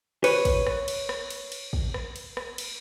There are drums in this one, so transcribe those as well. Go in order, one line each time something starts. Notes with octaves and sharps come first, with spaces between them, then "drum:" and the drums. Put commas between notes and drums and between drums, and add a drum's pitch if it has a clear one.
B4 C#5, drum: cymbal
drum: kick, cymbal
drum: rim click
drum: cymbal
drum: rim click
drum: cymbal
drum: cymbal
drum: kick
drum: rim click
drum: cymbal
drum: rim click
drum: cymbal